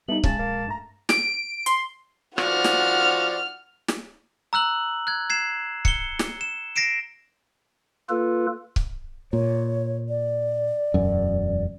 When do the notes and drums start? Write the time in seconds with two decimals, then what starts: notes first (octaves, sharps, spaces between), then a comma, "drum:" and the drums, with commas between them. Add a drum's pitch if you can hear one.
0.08 G3 A3 B3 D#4 F#7
0.24 A#1 C#3 F#3 G#3 C#4 A5, drum: kick C#1
0.39 A#3
0.67 G2 A3 A#5
1.09 D7, drum: snare
1.66 C6, drum: hi-hat
2.38 F3 F#4 D5 F#5 F6, drum: rim click
2.64 drum: snare
3.88 drum: snare
4.53 A#5 E6 F#6 F#7
5.07 F#6 G#6
5.30 G#6 C7 E7
5.85 C#7 G7, drum: kick C#1
6.19 drum: snare
6.41 E7
6.76 A#6 C7 D7 E7
8.09 A#3 F4 A4 B4
8.76 drum: kick C#1
9.33 A#2 C#5
10.09 D5
10.94 E1 F#2